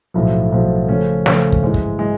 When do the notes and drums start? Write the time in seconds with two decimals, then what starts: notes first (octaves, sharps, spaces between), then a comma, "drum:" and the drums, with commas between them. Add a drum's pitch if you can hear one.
0.14 B1 A2 F3
0.52 B1 A2 F3
0.88 C#3 F3 A3 C#4
1.26 C#3 F3 A3 C#4, drum: snare
1.52 drum: kick
1.63 G#2 E3 G#3
1.74 drum: kick
1.99 E3 G#3